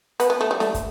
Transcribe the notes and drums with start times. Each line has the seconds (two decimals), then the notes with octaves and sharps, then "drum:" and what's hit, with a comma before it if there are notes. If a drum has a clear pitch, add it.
0.20 B3, drum: hi-hat
0.30 B3
0.41 A3
0.51 G3
0.60 A3, drum: snare
0.74 drum: kick, hi-hat